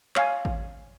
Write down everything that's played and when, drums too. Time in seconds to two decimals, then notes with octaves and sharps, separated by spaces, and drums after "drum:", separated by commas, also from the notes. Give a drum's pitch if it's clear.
0.16 C#5 F5 G#5, drum: clap
0.45 drum: kick G#1